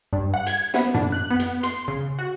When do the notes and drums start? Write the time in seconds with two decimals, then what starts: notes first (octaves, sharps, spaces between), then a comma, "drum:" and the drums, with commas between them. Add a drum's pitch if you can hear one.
0.13 G2
0.34 F#5
0.47 G#6, drum: hi-hat
0.74 B3, drum: snare
0.94 D4, drum: tom F#2
1.12 F#6
1.30 B3
1.40 drum: hi-hat
1.63 C6, drum: hi-hat
1.88 C#3
2.19 F#4